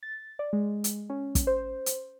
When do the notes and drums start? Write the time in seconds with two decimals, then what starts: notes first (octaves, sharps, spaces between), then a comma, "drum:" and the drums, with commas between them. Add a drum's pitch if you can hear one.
0.03 A6
0.39 D5
0.53 G#3
0.84 drum: hi-hat
1.10 C#4
1.35 drum: kick, hi-hat
1.47 C5
1.86 drum: hi-hat